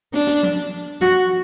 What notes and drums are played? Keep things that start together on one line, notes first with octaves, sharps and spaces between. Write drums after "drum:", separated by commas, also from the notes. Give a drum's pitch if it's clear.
D4, drum: snare
drum: snare
drum: tom F3
F#4, drum: tom F3